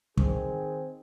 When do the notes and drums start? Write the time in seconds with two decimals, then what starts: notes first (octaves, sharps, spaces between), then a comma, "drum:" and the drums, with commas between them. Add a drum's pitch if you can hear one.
0.18 D#3 C4 G#4, drum: kick